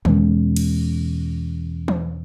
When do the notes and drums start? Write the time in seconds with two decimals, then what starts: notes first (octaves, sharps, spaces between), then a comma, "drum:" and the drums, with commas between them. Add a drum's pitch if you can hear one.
0.05 E2 B2 G#3 C#4, drum: tom D3
0.56 drum: cymbal
1.88 drum: tom E3